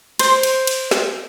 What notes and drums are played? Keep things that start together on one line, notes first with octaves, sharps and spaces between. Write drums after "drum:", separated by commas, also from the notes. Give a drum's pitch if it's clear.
C5, drum: cymbal
drum: cymbal
drum: cymbal
drum: snare